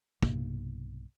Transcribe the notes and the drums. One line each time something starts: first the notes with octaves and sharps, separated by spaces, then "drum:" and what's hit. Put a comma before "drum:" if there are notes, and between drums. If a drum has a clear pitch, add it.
B1 G2 C3 A#3, drum: kick